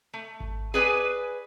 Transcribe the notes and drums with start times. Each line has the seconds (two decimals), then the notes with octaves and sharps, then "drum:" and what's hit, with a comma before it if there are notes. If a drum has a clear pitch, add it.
0.14 A3
0.40 drum: kick G#1
0.74 G#4 B4 D5 G#5